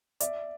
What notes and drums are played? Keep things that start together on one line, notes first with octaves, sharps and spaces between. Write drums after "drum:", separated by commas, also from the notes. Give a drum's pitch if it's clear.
D5 E5, drum: hi-hat